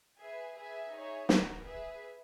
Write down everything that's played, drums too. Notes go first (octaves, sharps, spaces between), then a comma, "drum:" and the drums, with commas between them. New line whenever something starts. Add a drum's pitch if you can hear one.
G#4 B4 E5 G#5
G#4 B4 E5 G#5
D#4 G#4 C#5 E5
B3 D#4 F#4 A#4, drum: snare
G#4 B4 E5